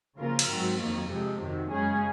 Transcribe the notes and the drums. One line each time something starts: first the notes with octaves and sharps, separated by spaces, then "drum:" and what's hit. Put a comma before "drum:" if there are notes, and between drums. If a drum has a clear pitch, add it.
C#3 F3 A#3 F4 A#4
drum: cymbal
G#2 F#3 C4 F#4
F2 D#3 F#3 A#3
C3 F3 G#3
F2 C3 D#3 F#3
F#2 C#3 G#3 C#4 G#4